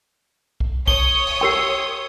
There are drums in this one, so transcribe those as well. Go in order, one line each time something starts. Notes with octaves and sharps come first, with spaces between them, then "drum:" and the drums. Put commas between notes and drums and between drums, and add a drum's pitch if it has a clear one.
drum: kick B1
C#5 D#6 G7, drum: kick B1
drum: cymbal
G4 A#4 G5 C6 E6 C7